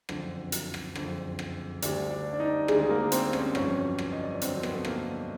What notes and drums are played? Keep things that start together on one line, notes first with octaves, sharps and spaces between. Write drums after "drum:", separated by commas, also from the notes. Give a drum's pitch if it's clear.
F#1 F2 D3, drum: rim click
drum: hi-hat
drum: rim click
F#1 F2 D3, drum: rim click
drum: rim click
D2 D3 G3 D4, drum: hi-hat
D4
D4
D#4
D2 D3 G3 G#3 G#4, drum: rim click
A#3 A#4
C4 C5, drum: hi-hat
C5
C#4 C#5, drum: rim click
G1 F2 D3 F#3 C#4 C#5, drum: rim click
drum: rim click
D#5
D5
C#5
G1 F2 D3 F#3 C4 C5, drum: hi-hat
B3 B4, drum: rim click
A4
A#3 A#4, drum: rim click